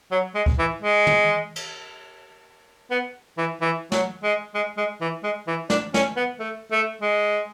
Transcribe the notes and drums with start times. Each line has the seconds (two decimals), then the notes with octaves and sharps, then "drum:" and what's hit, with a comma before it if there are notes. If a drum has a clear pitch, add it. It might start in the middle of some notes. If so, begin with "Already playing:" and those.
0.11 F#3
0.35 G#3
0.46 drum: kick C#2
0.59 E3
0.82 G#3
1.07 drum: tom
1.56 drum: cymbal
2.91 B3
3.38 E3
3.61 E3
3.92 F#3, drum: snare
4.23 G#3
4.55 G#3
4.77 G#3
5.01 E3
5.24 G#3
5.48 E3
5.70 D4, drum: snare
5.94 C#4, drum: snare
6.16 B3
6.40 A3
6.72 A3
7.02 G#3